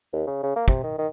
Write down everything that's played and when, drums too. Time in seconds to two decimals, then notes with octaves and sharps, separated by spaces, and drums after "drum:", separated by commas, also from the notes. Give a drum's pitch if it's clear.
0.13 D#2
0.27 C#3
0.43 C#3
0.56 A#3
0.68 C3, drum: kick
0.84 D#3
0.98 D#3